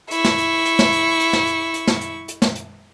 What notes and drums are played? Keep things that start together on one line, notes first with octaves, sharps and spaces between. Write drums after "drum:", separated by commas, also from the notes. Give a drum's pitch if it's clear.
E4 C#6, drum: hi-hat
drum: snare
drum: hi-hat
drum: hi-hat
drum: snare
drum: hi-hat
drum: hi-hat
drum: snare
drum: hi-hat
drum: hi-hat
drum: snare
drum: hi-hat
drum: hi-hat
drum: snare
drum: hi-hat